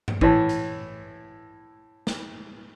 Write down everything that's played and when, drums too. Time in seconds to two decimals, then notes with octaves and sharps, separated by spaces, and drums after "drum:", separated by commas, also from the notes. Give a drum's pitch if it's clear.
0.08 drum: tom G2
0.21 A2 E3, drum: kick
0.49 drum: hi-hat
2.07 drum: snare